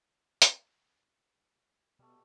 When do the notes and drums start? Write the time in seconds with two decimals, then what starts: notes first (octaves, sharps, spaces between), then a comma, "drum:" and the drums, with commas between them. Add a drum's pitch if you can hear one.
0.42 drum: hi-hat
1.99 B2 G3 A3